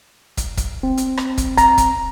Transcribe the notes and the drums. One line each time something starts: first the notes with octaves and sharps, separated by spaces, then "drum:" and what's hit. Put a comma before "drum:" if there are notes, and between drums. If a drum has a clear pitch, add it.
drum: kick, hi-hat
drum: kick, hi-hat
C4
drum: hi-hat
drum: rim click
drum: kick, hi-hat
A#5, drum: kick, hi-hat
drum: kick, hi-hat